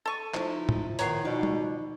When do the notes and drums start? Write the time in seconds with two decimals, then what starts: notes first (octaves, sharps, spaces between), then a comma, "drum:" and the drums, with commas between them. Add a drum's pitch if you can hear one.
0.06 A4 C#6 A6 D#7
0.34 F3 D#4 E4, drum: clap
0.69 drum: tom
0.99 D#3 B3 C#5 A#5 C7, drum: hi-hat
1.25 B2 D#3 F3 D#4 D5
1.43 drum: tom